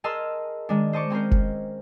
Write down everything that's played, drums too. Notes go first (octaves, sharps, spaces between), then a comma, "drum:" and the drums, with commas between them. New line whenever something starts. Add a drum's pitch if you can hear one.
G#4 A#4 D#5 A5 C6 E6
D#3 G#3 D4
C5 D#5 A5 C#6 D6
C4 C#4 A#4 C5
drum: kick F1